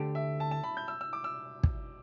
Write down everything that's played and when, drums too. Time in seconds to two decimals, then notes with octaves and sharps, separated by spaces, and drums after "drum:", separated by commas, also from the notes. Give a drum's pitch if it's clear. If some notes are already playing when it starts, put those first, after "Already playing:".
Already playing: D2 D3 A3 G4
0.15 E5
0.40 A5
0.51 A5
0.63 B5
0.77 G6
0.88 E6
1.01 E6
1.13 D6
1.24 E6
1.63 drum: kick